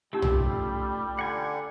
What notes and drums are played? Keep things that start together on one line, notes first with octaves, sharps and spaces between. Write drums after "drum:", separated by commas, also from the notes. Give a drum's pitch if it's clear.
G3 A3 C#4 D#4 F4 G4 E6
drum: tom
D3 F#5 G#5 G6